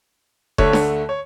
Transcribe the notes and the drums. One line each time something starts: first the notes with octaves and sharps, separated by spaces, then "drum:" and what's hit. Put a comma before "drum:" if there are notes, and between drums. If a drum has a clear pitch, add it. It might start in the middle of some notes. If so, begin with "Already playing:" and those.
D2 D3 A3 C#5, drum: kick F1
drum: snare D4
C#5